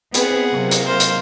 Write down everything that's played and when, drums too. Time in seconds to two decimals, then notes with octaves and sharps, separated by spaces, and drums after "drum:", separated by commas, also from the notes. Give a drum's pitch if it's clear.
0.14 B3 C4 G#4 F#5, drum: hi-hat
0.51 C3 F#3 A#3
0.71 drum: hi-hat
0.86 C5 F5
1.00 drum: hi-hat